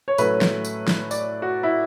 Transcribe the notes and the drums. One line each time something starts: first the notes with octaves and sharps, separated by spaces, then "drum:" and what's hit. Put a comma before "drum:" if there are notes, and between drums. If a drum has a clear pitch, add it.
C#5
A2 F#3 A3 C#4 B4, drum: tambourine
drum: snare
drum: tambourine
drum: snare
D5, drum: tambourine
F#4
E4